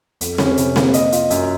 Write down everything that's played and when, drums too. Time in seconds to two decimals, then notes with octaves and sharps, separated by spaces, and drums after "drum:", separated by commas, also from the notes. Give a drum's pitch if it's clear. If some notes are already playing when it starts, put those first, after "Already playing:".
0.21 F2, drum: hi-hat
0.38 C#4, drum: snare C4
0.57 C3, drum: hi-hat
0.76 A#3, drum: snare C4
0.94 D#5, drum: hi-hat
1.12 F4, drum: hi-hat
1.30 F#2, drum: hi-hat